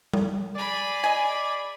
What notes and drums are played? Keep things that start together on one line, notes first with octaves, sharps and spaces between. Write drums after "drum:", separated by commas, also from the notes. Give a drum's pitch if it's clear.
drum: tom G3
G#4 D5 B5
D#5 G#5